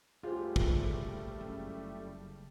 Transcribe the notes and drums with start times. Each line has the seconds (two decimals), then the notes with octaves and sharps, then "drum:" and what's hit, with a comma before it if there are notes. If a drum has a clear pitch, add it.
0.23 G3 A3 F4 G4 G#4 C5
0.56 drum: kick
1.41 F#1 C#3